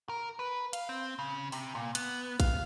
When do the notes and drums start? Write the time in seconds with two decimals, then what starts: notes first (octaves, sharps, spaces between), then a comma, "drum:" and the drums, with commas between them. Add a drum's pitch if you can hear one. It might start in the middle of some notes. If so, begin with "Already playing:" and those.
0.09 A#4
0.39 B4
0.73 F5, drum: hi-hat
0.89 C4
1.19 C#3
1.52 C3, drum: open hi-hat
1.75 A#2
1.95 B3, drum: hi-hat
2.40 F5, drum: kick A#1, hi-hat